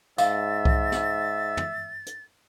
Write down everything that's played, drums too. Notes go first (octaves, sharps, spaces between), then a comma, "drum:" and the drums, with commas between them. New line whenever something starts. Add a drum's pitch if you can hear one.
G#2 E5 F5 A6, drum: tambourine
drum: kick C2
drum: snare
drum: tom
drum: hi-hat